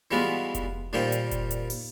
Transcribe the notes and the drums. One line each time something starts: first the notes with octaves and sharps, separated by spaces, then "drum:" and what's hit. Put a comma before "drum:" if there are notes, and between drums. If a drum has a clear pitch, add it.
E3 G3 G#3 B3 F4 F#4
drum: kick F1, hi-hat
A#2 D#3 G3 A#3 C5 G5
drum: hi-hat
drum: kick F1, hi-hat
drum: hi-hat
drum: open hi-hat